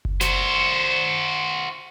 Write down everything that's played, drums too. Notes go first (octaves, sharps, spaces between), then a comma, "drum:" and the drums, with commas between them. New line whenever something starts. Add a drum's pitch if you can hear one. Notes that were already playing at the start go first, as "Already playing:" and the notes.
drum: kick F#1
F#4 C5, drum: snare